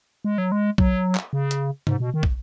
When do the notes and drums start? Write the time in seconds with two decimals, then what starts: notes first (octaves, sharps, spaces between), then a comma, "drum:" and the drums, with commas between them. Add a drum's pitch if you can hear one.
0.25 G#3
0.38 F#3
0.52 G#3
0.78 F#3, drum: kick
1.15 drum: clap
1.33 C#3
1.51 drum: hi-hat
1.87 G#2, drum: tom C3
2.00 B2
2.14 D#3
2.23 drum: kick